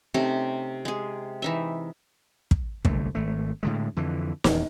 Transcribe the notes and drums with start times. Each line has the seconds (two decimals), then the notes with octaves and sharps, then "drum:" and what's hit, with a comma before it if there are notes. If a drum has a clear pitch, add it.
0.14 C3 A3 C#4 D#4
0.85 G#3 G#4
1.42 E3 D#4 E5
2.51 drum: kick
2.85 F#1 C2 D3 A3, drum: kick
3.15 G#1 A3
3.63 A2 D3 G#3
3.96 F2 D3 E3
4.44 D#1 E2, drum: snare